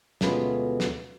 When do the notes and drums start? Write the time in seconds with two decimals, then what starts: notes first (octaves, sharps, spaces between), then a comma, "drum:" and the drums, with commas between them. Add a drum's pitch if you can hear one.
0.21 D2 B2 G#3 C#4 F4 B4, drum: snare
0.80 drum: snare